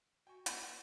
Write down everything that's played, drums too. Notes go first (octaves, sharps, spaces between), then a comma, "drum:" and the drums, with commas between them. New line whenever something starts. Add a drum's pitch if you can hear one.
F#4 G5 G#5 C#6
A#3 B4, drum: hi-hat